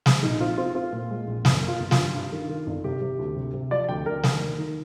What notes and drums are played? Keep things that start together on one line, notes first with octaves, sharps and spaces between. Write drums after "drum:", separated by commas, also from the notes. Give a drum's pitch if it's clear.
G#3, drum: snare
A#1 D#4
C4 F4
C4 F4
C4 F4
A#2
G#3
A#1
G1, drum: snare
A#3
F4
G1
F4, drum: snare
G2
G2
D#3
D#3
G1
C3 G4
C3
D2
C3
C3
F3 D5
D2 G5
D2 A#4
D#2 A#4, drum: snare
D#2
D#3